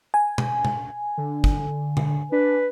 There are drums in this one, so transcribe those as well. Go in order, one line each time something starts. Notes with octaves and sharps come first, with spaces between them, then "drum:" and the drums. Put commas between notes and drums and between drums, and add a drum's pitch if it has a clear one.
G#5
drum: tom B2
drum: tom B2
D3
drum: kick
drum: tom B2
D4 B4